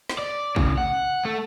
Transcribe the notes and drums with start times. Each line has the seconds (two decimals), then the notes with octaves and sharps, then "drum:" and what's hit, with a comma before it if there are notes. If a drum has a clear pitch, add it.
0.09 drum: snare
0.19 D5
0.56 A2 C#3, drum: kick
0.78 F#5
1.25 A3 A4